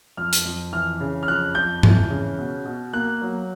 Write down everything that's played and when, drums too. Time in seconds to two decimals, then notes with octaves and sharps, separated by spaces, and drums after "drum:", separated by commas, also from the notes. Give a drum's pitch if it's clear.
0.17 F2 F6
0.33 drum: hi-hat
0.45 F2
0.73 E3 F6
1.00 C#3
1.23 F6
1.28 F2 F#6
1.55 F2 G6
1.83 E3, drum: tom G#2
2.10 C#3
2.38 B2
2.66 B2
2.93 A#3 F#6
3.22 F#3